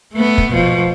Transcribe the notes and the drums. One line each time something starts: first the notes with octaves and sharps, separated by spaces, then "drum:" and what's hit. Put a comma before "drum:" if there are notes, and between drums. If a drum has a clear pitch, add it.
A3 B3
drum: kick
B2 F3